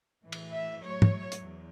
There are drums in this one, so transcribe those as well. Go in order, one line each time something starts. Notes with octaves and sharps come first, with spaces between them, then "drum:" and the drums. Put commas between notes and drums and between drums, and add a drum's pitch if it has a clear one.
A2 E3
drum: cymbal
E5
A2 F#3 C#5
drum: tom
drum: hi-hat
E2